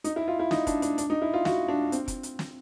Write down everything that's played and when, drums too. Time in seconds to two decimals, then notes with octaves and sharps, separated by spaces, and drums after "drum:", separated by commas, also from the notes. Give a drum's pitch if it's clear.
0.04 D#4, drum: hi-hat
0.16 E4
0.28 F4
0.39 E4
0.51 D#4, drum: snare
0.67 D4, drum: kick, hi-hat
0.82 D4, drum: hi-hat
0.98 D4, drum: hi-hat
1.10 D#4
1.22 E4
1.33 F4
1.45 F#4, drum: snare
1.68 D4
1.92 C4, drum: hi-hat
2.08 drum: kick, hi-hat
2.23 drum: hi-hat
2.39 drum: snare